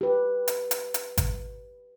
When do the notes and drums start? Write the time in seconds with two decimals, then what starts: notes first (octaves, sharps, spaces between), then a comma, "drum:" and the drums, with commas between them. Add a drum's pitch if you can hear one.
0.01 G4 B4
0.48 drum: hi-hat
0.71 drum: hi-hat
0.94 drum: hi-hat
1.18 drum: kick G#1, hi-hat